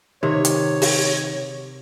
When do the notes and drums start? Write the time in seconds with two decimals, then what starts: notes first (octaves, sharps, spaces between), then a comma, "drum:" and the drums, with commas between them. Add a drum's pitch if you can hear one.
0.23 C3 D#3 C#5
0.45 drum: hi-hat
0.82 drum: open hi-hat